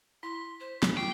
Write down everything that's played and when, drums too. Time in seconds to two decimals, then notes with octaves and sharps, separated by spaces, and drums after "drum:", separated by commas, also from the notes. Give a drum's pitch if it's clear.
0.23 E4 C6 B6
0.60 C5
0.83 A4, drum: snare
0.97 F4 G5 D6 C7